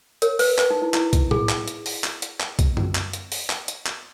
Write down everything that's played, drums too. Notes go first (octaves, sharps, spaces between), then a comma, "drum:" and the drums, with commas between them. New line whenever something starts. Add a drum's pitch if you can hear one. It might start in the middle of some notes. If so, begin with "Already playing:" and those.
A#4 C#5, drum: hi-hat
B4, drum: open hi-hat
B4, drum: clap
D#4
E4
E4, drum: clap
drum: kick, hi-hat
G#4, drum: tom A2
drum: clap
drum: hi-hat
drum: open hi-hat
drum: clap
drum: hi-hat
drum: clap
drum: kick, hi-hat
drum: tom F#2
drum: clap
drum: hi-hat
drum: open hi-hat
drum: clap
drum: hi-hat
drum: clap